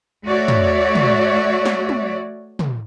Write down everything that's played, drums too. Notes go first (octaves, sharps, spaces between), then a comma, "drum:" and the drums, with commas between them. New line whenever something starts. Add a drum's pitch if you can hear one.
A3 F#4 C#5 D5 E5
drum: tom
drum: tom
drum: snare
drum: tom
drum: tom